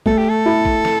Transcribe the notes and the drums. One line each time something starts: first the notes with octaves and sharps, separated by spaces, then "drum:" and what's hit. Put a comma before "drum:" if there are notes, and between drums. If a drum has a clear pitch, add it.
A3 A4, drum: kick
G4
A4
E4
drum: kick
drum: snare